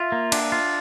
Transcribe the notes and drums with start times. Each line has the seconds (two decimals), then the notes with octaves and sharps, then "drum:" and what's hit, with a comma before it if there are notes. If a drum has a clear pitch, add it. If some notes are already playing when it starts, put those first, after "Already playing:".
Already playing: F4 E5
0.12 A#3
0.32 D4, drum: cymbal
0.52 F4